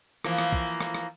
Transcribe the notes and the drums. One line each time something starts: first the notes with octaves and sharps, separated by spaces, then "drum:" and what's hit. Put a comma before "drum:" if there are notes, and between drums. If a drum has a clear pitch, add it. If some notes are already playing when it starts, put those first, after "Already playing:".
E3 F3 A#3, drum: rim click
drum: rim click
drum: kick
drum: open hi-hat
drum: rim click
drum: rim click